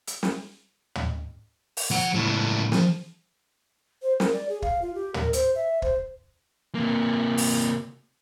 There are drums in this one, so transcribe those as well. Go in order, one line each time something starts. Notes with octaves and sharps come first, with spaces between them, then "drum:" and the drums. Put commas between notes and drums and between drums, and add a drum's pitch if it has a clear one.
drum: hi-hat
drum: snare
drum: tom
drum: open hi-hat
F3 F#5
C#2 A2
F3, drum: snare
C5
A#4, drum: snare
D5
G#4
F5, drum: kick
F4
G4
A#4, drum: tom
C5, drum: hi-hat
E5
C5, drum: kick
C3 A#3
drum: open hi-hat